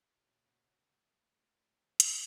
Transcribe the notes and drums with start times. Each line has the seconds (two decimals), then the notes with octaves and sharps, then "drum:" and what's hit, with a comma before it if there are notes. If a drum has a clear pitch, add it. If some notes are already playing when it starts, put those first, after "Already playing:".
0.11 A#2 C#3 F#4
0.98 A3
1.67 D#3 C4
2.00 drum: hi-hat